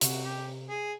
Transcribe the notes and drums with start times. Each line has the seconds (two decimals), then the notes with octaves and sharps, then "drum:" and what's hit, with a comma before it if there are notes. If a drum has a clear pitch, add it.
0.01 C3 F#4, drum: hi-hat
0.24 G4
0.69 G#4